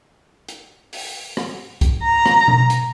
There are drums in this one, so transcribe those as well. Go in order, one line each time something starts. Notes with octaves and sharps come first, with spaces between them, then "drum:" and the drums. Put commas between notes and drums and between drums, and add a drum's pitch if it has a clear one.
drum: hi-hat
drum: open hi-hat
drum: rim click
drum: kick C2, hi-hat
A#5
drum: rim click
drum: tom B2
drum: hi-hat